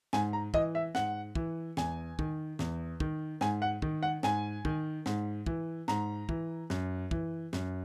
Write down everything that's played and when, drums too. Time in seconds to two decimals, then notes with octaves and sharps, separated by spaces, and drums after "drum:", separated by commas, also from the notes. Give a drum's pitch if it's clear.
0.13 G#2 G#5, drum: snare
0.33 A#5
0.54 E3 D#5, drum: kick
0.75 E5
0.95 G#2 F#5, drum: snare
1.35 E3, drum: kick
1.77 E2 G#5, drum: snare
2.19 D#3, drum: kick
2.59 E2, drum: snare
3.00 D#3, drum: kick
3.41 G#2 G#5, drum: snare
3.62 F#5
3.82 D#3, drum: kick
4.03 F#5
4.23 G#2 G#5, drum: snare
4.65 D#3, drum: kick
5.06 G#2, drum: snare
5.46 E3, drum: kick
5.88 G#2 A#5, drum: snare
6.29 E3, drum: kick
6.70 F#2, drum: snare
7.11 E3, drum: kick
7.53 F#2, drum: snare